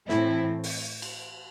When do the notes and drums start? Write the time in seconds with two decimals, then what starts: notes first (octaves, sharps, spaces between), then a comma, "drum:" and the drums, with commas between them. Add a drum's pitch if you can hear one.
0.09 A2 E3 C4 E4, drum: snare
0.64 drum: open hi-hat
1.02 drum: cymbal